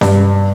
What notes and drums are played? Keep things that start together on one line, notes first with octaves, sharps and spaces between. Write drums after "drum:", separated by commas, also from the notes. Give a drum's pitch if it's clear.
G2, drum: snare C#4